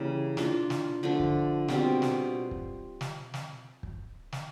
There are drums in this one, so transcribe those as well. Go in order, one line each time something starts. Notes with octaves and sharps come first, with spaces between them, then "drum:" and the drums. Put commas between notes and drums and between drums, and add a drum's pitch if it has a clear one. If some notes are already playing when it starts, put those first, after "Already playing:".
Already playing: C#3 E3 G3 A#3
A#3 D4 F4 A#4, drum: snare
drum: snare
D3 F3 A3 D4
drum: kick
B2 G3 C4 F4, drum: snare
drum: snare
drum: kick
drum: snare
drum: snare
drum: kick
drum: snare